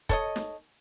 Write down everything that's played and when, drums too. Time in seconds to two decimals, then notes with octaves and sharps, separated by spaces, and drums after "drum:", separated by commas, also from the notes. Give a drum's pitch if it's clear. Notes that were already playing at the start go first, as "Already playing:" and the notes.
0.09 A4 C#5 D#5, drum: kick
0.36 drum: snare